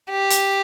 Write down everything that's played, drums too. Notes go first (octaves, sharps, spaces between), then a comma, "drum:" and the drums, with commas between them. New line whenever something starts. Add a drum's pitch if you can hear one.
G4
drum: hi-hat